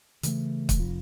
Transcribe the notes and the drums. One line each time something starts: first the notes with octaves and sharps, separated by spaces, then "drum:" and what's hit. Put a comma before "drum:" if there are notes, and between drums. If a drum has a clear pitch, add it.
C#3 E3 G#3 A3, drum: hi-hat
drum: kick, hi-hat
F1 F3